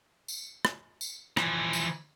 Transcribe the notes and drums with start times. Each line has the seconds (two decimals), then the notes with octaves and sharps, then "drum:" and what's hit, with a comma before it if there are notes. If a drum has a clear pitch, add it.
0.28 drum: tambourine
0.65 drum: rim click
1.01 drum: tambourine
1.37 E3 F3, drum: rim click
1.73 drum: tambourine